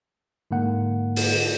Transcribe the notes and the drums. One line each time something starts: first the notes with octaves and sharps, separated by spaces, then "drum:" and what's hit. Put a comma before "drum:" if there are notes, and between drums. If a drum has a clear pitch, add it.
G#2 D3 A#3 F#5
drum: open hi-hat